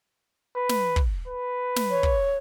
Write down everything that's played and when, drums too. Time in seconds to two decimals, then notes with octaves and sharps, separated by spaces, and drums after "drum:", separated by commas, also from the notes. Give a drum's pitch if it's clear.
0.56 B4
0.69 drum: snare
0.96 drum: kick
1.28 B4
1.76 drum: snare
1.91 C#5
2.03 drum: kick